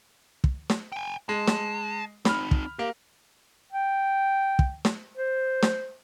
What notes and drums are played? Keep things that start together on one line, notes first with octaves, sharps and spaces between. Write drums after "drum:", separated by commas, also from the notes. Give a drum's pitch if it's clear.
drum: kick
drum: snare
G5 G#5
G#3 A5
drum: snare
C4 D#4 B5 F6, drum: snare
drum: kick
A#3 G4
G5
drum: kick
drum: snare
C5
drum: snare